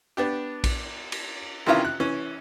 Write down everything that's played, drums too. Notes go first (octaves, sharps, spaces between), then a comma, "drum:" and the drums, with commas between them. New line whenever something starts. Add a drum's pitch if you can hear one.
B3 D4 G4
drum: kick A#1, cymbal
drum: cymbal
C3 D#3 E3 C#4 E4 F4
F#6
E3 C#4